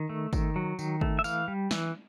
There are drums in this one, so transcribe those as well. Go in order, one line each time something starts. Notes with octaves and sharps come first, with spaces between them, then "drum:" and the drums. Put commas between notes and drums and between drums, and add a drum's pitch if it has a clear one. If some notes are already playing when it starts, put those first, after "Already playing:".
Already playing: D#3
A3
D#3, drum: kick, tambourine
F#3
D#3, drum: tambourine
A3, drum: kick
E5
E3 F5, drum: tambourine
G3
E3, drum: snare